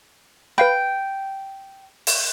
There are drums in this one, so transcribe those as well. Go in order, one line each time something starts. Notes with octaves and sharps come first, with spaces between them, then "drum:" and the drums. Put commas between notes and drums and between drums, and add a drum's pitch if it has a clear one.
B4 F5 G5 B5
drum: open hi-hat